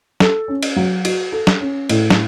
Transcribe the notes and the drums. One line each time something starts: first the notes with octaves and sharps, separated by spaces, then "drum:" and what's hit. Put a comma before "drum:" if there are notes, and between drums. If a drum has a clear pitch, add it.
A4, drum: snare
C#4
drum: cymbal
F#3
F#4, drum: cymbal
A4
drum: snare
C#4
A2, drum: cymbal
drum: snare